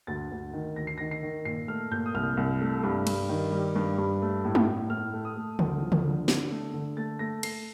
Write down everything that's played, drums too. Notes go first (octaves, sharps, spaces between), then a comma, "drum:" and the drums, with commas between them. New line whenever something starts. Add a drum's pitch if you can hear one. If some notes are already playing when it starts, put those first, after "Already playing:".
D2 A6
D2
D#3
D2 A#6
C7
D#3 A#6
C7
D#3
A#2 C7
A3 F6
A#2 G6
D#6
C2 F6
C2
A3
G2
G2, drum: cymbal
D#3
G3
G2
G2
A3
A2
drum: tom G#3
A2
A2 F6
A3
D#6
A3
D2, drum: tom C#3
F3
drum: tom C#3
D3
D3, drum: snare
A3
D3
A3 A6
A3 A#6
A3 C7, drum: cymbal